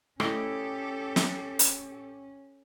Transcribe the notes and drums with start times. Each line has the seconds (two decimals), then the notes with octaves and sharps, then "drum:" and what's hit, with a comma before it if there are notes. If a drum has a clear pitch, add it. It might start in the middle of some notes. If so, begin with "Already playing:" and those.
0.20 A3 C#4 E4 G4 A4 D5 D#5, drum: rim click
1.16 drum: snare
1.59 drum: hi-hat